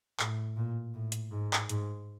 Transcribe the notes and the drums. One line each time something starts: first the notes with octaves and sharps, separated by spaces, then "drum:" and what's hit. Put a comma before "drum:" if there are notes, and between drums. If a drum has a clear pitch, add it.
A2, drum: clap
A#2
A2
drum: hi-hat
G#2
drum: clap
G#2, drum: hi-hat